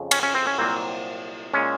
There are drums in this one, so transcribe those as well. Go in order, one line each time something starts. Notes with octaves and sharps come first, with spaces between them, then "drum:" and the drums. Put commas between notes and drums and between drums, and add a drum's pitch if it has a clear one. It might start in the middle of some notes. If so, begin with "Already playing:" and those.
Already playing: F2 C#3
C#4, drum: cymbal
C#4
C4
C#4
C2 A#2 F#3 A#3 C4
A#2 G#3 C#4